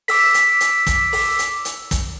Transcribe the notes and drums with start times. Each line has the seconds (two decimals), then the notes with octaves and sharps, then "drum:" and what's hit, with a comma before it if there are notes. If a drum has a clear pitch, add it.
0.08 D6 E6 B6, drum: open hi-hat
0.34 drum: hi-hat
0.60 drum: hi-hat
0.87 drum: kick, hi-hat
1.13 drum: open hi-hat
1.39 drum: hi-hat
1.65 drum: hi-hat
1.91 drum: kick, hi-hat